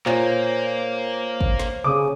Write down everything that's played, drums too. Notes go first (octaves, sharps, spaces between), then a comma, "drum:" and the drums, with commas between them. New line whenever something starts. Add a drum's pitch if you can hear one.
A#2 A#3 C5 C#5, drum: clap
drum: kick
drum: snare
C#3 D6 D#6